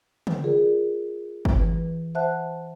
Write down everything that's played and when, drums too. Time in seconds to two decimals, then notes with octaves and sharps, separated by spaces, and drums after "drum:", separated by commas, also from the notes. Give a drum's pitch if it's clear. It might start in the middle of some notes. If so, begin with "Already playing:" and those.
0.27 drum: tom
0.43 F4 G#4 A#4 D5
1.45 drum: kick
1.59 E3 B4
2.15 C5 E5 F#5 A5 F#6